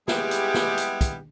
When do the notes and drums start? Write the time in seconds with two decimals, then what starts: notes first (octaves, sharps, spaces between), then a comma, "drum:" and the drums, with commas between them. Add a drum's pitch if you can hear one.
0.08 G3 G#3 B3 E4 G4 G#4, drum: snare
0.31 drum: hi-hat
0.54 drum: snare
0.78 drum: hi-hat
1.01 drum: kick, hi-hat